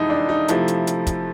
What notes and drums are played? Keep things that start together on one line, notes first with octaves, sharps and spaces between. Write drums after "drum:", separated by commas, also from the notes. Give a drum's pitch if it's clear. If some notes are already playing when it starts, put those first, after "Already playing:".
Already playing: F2 C3 E3 G#3 D#4 E4
D4
D#4
C3 F3 A3 E4, drum: hi-hat
drum: hi-hat
drum: hi-hat
drum: kick, hi-hat